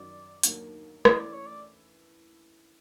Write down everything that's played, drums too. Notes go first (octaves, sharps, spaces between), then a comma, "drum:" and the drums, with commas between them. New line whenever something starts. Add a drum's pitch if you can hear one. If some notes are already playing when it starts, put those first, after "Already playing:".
Already playing: F#2 D#3 F#3 D5
D#2 D3 F#3 A#3, drum: hi-hat
E3 A3 C#4 E4 D#5, drum: rim click
D5
C#5
D5